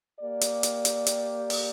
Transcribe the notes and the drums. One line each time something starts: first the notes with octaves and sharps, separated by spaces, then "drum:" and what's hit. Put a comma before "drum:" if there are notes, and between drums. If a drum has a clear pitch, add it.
A#3 G4 D5
drum: hi-hat
drum: hi-hat
drum: hi-hat
drum: hi-hat
drum: open hi-hat